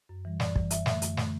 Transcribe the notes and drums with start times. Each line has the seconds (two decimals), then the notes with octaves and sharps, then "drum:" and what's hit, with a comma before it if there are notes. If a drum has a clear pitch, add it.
0.09 F#2
0.25 E3 G3
0.40 F#2 D5, drum: snare
0.56 E3 G3, drum: kick
0.71 F#2 E5, drum: hi-hat
0.86 D3 A3 E5, drum: snare
1.02 F#2, drum: hi-hat
1.17 D3 A3, drum: snare